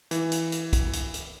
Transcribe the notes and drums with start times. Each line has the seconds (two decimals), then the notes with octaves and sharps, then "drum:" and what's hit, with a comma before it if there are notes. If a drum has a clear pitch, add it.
0.11 E3, drum: hi-hat
0.32 drum: hi-hat
0.52 drum: hi-hat
0.73 drum: kick, hi-hat
0.93 drum: hi-hat
1.14 drum: hi-hat